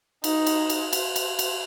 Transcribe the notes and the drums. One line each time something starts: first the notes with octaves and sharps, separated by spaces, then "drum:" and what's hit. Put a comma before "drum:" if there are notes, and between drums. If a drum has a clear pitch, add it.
D#4, drum: cymbal
drum: cymbal
drum: cymbal
drum: cymbal
drum: cymbal
drum: cymbal